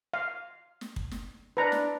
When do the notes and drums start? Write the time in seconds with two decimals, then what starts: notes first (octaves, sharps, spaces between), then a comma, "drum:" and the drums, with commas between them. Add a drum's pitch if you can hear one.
0.14 F5
0.81 drum: snare
0.96 drum: kick
1.11 drum: snare
1.57 D4 B4 A#5
1.72 drum: snare